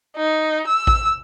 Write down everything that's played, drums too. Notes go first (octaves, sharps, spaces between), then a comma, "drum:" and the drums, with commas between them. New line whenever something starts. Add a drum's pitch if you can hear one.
D#4
E6
drum: kick A1